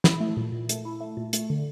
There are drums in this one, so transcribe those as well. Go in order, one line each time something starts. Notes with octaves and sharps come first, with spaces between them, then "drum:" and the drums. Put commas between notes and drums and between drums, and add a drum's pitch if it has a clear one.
E4, drum: snare
A3
A#2
A#2
A3, drum: hi-hat
E4
A3
A#2
A3, drum: hi-hat
D3